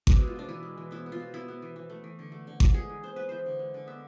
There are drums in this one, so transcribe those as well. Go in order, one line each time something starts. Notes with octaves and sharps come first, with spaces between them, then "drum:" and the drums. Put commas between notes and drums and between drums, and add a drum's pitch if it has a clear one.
B2 D4, drum: kick G#1
G#3 E4
F4
B2 D4
E3 E4
G#3
E3
B3 E4
B3
F4
B2
B3 E4
B3
E3
E3
A3
E3
D3
A3
D3
E3 F4, drum: kick G#1
G#3 G#4
E3
B3 C5
B3 B4
E3 C5
D3
G#3
D3
B3 E5